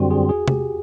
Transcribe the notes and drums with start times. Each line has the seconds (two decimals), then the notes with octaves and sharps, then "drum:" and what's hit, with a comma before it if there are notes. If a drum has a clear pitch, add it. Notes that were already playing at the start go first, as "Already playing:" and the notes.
Already playing: F#2 D3 G3 C4 F#4
0.11 G#4
0.29 G#4
0.48 G4, drum: tom C3